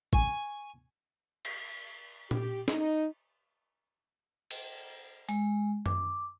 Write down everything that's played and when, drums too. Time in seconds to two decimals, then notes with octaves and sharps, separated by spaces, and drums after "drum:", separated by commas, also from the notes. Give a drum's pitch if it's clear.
0.13 G#5 C#6, drum: kick
1.45 drum: cymbal
2.31 G4, drum: tom A#2
2.68 D#4, drum: snare
4.51 drum: cymbal
5.29 G#3, drum: hi-hat
5.86 D6, drum: tom F#2